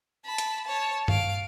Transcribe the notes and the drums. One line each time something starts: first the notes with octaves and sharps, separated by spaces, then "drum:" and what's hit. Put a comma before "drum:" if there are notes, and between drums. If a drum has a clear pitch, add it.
A5 B5
drum: hi-hat
C#5 A5
F5 D7, drum: tom G2